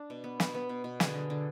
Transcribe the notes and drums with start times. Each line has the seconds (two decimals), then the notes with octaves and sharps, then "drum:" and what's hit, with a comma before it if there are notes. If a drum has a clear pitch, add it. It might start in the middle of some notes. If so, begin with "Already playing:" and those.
Already playing: D4
0.10 B2
0.24 B3
0.40 B2, drum: snare
0.54 B3
0.69 B2
0.84 B2
1.00 D3 G#4, drum: snare
1.14 D3
1.30 D3